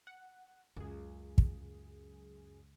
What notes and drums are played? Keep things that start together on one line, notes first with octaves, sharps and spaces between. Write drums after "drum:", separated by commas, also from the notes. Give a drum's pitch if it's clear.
F#5
C#2 F#2 G#4
drum: kick